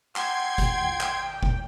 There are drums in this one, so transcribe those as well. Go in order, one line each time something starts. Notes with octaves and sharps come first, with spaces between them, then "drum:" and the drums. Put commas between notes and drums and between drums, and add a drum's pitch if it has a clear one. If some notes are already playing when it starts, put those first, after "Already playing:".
F#5 G5 C6 G#6, drum: clap
drum: kick F#1, hi-hat
drum: clap
drum: kick F#1